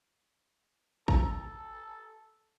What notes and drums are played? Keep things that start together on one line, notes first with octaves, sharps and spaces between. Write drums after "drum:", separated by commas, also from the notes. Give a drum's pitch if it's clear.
A4 A#5, drum: kick